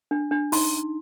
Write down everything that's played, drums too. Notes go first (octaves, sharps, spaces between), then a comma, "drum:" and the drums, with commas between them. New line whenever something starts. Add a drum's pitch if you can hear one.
D4
D4
D#4 C6, drum: open hi-hat